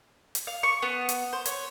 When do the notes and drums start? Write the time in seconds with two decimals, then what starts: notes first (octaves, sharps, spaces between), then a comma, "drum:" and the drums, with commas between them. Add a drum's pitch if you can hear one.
0.35 drum: hi-hat
0.47 F5
0.63 C#6
0.82 B3
1.09 drum: hi-hat
1.33 C5
1.46 C#5, drum: hi-hat